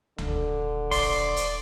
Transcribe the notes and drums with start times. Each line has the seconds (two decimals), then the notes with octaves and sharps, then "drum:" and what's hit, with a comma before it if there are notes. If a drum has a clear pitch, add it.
0.18 D#1 D3, drum: tom
0.91 D5 C6, drum: kick, open hi-hat
1.37 drum: hi-hat